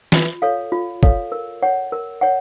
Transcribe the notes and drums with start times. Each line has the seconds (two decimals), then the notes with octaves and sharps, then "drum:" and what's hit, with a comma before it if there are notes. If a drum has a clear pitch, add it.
0.12 F4, drum: snare
0.42 A4 C#5 F5
0.72 F4
1.03 A4 C#5 F5, drum: kick
1.32 A#4
1.63 C#5 F#5
1.92 A#4
2.21 C#5 F#5